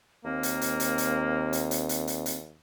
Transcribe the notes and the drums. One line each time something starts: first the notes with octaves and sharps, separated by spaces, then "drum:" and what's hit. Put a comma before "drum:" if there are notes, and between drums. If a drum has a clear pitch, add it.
D#2 A#3 C4
drum: hi-hat
drum: hi-hat
drum: hi-hat
drum: hi-hat
drum: hi-hat
drum: hi-hat
drum: hi-hat
drum: hi-hat
drum: hi-hat